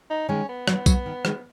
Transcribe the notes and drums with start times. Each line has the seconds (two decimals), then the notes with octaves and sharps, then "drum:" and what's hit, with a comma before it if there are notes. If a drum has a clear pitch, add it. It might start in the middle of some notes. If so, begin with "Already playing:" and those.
0.10 D#4
0.29 D#3 G#3 C#4
0.49 B3
0.68 F#3, drum: rim click
0.86 F#3, drum: kick B1, tambourine
1.06 D#3
1.25 D#3 G#3, drum: rim click